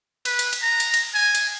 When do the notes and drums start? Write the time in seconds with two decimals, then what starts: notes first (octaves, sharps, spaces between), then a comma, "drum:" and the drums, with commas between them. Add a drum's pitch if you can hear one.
0.25 B4, drum: cymbal
0.39 drum: cymbal
0.53 drum: cymbal
0.62 A#5
0.80 drum: cymbal
0.94 drum: cymbal
1.14 G#5
1.35 drum: cymbal